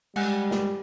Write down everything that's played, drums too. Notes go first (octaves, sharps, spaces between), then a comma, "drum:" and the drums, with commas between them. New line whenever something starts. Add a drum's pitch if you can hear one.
G3 G#3 F#5 G#5 F#6, drum: cymbal
drum: snare